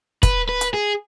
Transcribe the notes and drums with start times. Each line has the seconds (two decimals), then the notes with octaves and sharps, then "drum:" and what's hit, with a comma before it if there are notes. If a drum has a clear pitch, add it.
0.23 B4, drum: kick, hi-hat
0.49 B4
0.61 drum: hi-hat
0.74 G#4